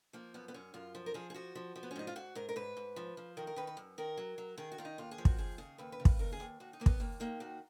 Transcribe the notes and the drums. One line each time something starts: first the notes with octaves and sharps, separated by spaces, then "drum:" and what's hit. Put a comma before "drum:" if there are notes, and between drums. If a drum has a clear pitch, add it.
F3 A#3
F#2 B3
B3
F#2 C#4
F#2 F4
F3
A#4
F3 G#4
G#4
F3 F#4
F3
F3
B3
C#4
G#2 D#4
F4
G#2 F#4
G#2 A#4
A#4
G#2 B4
G#2
F3
F3
D#3 A#4
A#4
D#3 B4
B4
F#2
D#3 A#4
F#3
F#3
D#3 G#4
F#4
D#3 F4
D#4
D#2 F4
G#4
F3
F#4, drum: kick
D#2 G#4
C#3 G#4
D#2 B4
B4
C#3
B4, drum: kick
D#2 A#4
G#4
D#2
D#2 F#4
D#4
D#2 A#3
B3, drum: kick
D#2 A#3
D#3 A#3
D#2 F#4